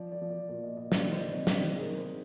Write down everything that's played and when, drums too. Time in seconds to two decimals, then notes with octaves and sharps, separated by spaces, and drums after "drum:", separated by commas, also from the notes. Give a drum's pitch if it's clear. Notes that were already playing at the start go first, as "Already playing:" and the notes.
Already playing: F3 D5
0.12 D5
0.21 F3
0.30 D5
0.49 A#2 D5
0.64 D#5
0.77 A#2 D#5
0.92 D5, drum: snare
1.04 D#3 D#5
1.12 C5
1.19 D5
1.32 C3 D#5
1.47 D5, drum: snare
1.61 D#3 C5
1.76 G#4
1.80 A#4
1.89 D#3
1.98 C5